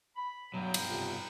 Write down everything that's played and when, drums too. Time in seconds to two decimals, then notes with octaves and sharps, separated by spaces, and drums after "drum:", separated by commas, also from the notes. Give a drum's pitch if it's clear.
0.16 B5
0.54 G2 B2 F#3 G5 A#5 B5
0.74 drum: cymbal
0.90 F2 C3